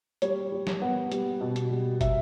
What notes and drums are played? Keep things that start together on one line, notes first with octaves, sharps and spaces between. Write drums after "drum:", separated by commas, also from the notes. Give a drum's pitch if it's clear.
G3 C#5, drum: hi-hat
G3
drum: snare
B3 F#5
G3, drum: hi-hat
B2
drum: hi-hat
G3
E5, drum: kick, hi-hat